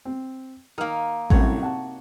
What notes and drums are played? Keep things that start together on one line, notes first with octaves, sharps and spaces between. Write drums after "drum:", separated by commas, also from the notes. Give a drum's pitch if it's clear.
C4
D#3 A#3 D#4 F6
C2 F#2 A2 F#4 C#5, drum: kick A1
C3 F#5 A5